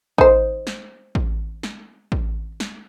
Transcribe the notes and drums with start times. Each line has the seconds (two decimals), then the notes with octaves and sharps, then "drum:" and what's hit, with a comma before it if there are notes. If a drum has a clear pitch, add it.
0.18 D#4 C5, drum: kick A1
0.67 drum: snare
1.15 drum: kick A1
1.63 drum: snare
2.12 drum: kick A1
2.60 drum: snare